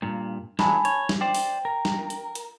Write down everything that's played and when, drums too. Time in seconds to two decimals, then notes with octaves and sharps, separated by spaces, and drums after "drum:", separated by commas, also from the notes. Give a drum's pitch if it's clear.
0.02 G2 A#2
0.59 E3 F#3 G#3 G#5 A5 B5, drum: snare
0.85 C#5, drum: hi-hat
1.09 drum: snare
1.21 C5 D5 G5
1.35 drum: open hi-hat
1.65 A#4
1.85 drum: snare
2.10 drum: hi-hat
2.35 drum: hi-hat